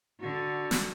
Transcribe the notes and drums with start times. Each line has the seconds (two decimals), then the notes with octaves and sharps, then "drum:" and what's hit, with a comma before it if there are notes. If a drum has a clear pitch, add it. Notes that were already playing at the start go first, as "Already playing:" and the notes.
0.19 D3 F#4
0.71 drum: snare